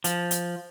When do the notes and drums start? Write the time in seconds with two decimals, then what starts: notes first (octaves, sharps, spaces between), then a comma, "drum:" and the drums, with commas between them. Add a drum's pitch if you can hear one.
0.04 F3, drum: hi-hat
0.31 drum: hi-hat